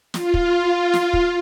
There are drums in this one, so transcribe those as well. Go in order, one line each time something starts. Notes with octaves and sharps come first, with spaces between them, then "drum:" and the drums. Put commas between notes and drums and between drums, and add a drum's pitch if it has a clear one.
F4, drum: snare
drum: kick
drum: snare
drum: kick